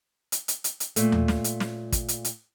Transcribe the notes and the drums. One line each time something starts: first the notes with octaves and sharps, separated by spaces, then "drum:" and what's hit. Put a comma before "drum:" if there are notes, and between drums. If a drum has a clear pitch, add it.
drum: hi-hat
drum: hi-hat
drum: hi-hat
drum: hi-hat
A#2 A3, drum: hi-hat
drum: tom D#2
drum: snare
drum: hi-hat
drum: snare
drum: kick, hi-hat
drum: hi-hat
drum: hi-hat